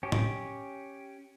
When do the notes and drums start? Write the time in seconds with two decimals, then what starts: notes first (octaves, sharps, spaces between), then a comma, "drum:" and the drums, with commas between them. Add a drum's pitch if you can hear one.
0.03 C#4 G4
0.12 drum: tom